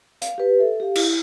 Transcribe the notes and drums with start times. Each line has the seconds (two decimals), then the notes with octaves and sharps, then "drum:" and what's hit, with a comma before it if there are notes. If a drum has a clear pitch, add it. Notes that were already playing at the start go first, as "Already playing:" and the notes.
0.22 F5, drum: hi-hat
0.38 G4 B4
0.59 A4 E5
0.80 G4 F5
0.95 E4, drum: cymbal